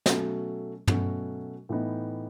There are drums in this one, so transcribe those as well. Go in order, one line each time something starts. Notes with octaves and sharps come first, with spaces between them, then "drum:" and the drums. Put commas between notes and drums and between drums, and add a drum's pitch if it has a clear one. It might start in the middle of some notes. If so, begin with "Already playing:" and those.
B2 F#3 A3 C#4 F#4, drum: snare
B2 F#3 A3 C#4 F#4, drum: tom
A2 E3 B3 D#4